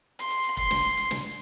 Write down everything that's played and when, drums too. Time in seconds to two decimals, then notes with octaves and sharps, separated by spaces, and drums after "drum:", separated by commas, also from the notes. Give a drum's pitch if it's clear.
0.19 C6, drum: hi-hat
0.30 drum: hi-hat
0.44 drum: hi-hat
0.57 C6, drum: kick, hi-hat
0.71 drum: snare
0.84 drum: hi-hat
0.97 drum: hi-hat
1.11 drum: snare